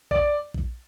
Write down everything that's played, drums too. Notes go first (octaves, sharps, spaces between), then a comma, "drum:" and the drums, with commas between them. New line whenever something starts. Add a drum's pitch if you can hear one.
D5, drum: kick A#1
drum: kick A#1